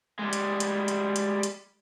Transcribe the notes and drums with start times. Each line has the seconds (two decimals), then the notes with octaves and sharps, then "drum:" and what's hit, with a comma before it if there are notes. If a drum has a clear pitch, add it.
0.19 G3 G#3
0.33 drum: hi-hat
0.60 drum: hi-hat
0.88 drum: hi-hat
1.16 drum: hi-hat
1.43 drum: hi-hat